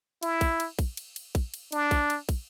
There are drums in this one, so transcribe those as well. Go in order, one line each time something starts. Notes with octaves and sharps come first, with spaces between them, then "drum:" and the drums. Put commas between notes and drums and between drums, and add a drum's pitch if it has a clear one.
E4, drum: cymbal
drum: kick, cymbal
drum: cymbal
drum: kick, cymbal
drum: cymbal
drum: cymbal
drum: kick, cymbal
drum: cymbal
D4, drum: cymbal
drum: kick, cymbal
drum: cymbal
drum: kick, cymbal